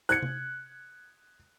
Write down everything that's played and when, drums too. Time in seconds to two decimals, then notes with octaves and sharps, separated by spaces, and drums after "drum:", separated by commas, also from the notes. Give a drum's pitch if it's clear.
0.09 F#6 G#6 C#7, drum: hi-hat
0.22 drum: tom C3